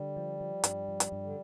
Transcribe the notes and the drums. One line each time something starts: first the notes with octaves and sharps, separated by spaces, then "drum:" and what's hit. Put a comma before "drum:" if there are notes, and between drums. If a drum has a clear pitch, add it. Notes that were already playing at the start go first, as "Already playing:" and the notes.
Already playing: D3 G3
F3
F3
G2, drum: hi-hat
F3
drum: hi-hat
G2
D3